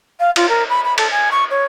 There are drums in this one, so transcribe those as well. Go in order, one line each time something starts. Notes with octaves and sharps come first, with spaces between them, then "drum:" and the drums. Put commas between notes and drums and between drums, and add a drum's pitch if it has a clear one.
F5
F4, drum: cymbal
A#4
B5
B5
A4, drum: cymbal
G#5
C#6
C#5